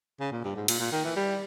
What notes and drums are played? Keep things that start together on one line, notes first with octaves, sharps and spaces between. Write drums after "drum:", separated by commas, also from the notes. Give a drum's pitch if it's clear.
C#3
A#2
G2
G#2
A#2, drum: cymbal
A#2
D#3
E3
G3